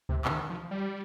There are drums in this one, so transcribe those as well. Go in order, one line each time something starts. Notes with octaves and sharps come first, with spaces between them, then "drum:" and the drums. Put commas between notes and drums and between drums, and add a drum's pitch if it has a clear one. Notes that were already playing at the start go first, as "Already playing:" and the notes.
C3, drum: kick C#2
C3, drum: clap
D#3
F3
G3